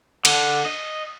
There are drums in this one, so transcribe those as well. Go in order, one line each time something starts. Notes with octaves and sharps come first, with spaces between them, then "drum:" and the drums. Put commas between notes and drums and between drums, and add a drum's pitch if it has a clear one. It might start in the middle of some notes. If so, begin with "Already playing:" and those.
D3, drum: cymbal
D#5